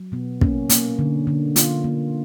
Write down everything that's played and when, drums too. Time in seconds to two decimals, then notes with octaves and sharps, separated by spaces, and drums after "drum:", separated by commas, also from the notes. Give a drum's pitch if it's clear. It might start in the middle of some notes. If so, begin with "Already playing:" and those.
Already playing: F#3
0.12 B2 B3
0.41 A#3 C#4, drum: kick
0.70 A#3, drum: hi-hat
0.99 D3
1.27 D3
1.56 A#3 F4, drum: hi-hat
1.84 A#3